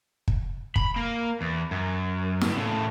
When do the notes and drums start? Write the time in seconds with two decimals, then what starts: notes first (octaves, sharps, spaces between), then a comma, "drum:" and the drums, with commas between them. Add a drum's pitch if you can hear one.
0.28 drum: kick
0.76 B5, drum: kick
0.96 A#3
1.41 E2
1.71 F#2
2.42 G2 B3, drum: snare
2.56 A2 C#3